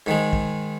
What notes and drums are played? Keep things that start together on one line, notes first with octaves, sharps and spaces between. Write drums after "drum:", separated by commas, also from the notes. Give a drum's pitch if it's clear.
G#2 D#3 G#3
drum: kick